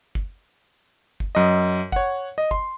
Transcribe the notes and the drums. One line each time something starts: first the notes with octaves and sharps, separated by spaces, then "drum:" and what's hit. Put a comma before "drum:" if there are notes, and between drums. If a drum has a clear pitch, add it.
drum: kick
drum: kick
F#2 D#5
C#5 F#5, drum: kick
D#5
C6, drum: kick